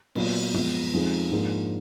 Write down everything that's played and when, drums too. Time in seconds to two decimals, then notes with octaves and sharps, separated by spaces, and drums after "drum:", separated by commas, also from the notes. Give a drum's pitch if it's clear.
0.15 A#2 F#3 B3 F4, drum: cymbal
0.54 F3 G#3 B3, drum: tom
0.93 F2 F3 G#3 D#4 G#4
1.31 G#2 F3 A#3 D4 G#4